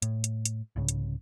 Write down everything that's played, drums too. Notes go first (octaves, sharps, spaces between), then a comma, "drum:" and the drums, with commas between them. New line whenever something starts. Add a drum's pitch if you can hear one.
A2, drum: hi-hat
drum: hi-hat
drum: hi-hat
C2 G#2 C#3
drum: hi-hat